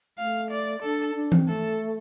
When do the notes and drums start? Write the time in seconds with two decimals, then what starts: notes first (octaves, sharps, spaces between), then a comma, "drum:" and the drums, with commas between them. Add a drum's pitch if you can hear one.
0.18 A3 F5
0.51 D5
0.83 D4 A4
1.15 D4
1.32 C4, drum: tom E3
1.48 A3 A4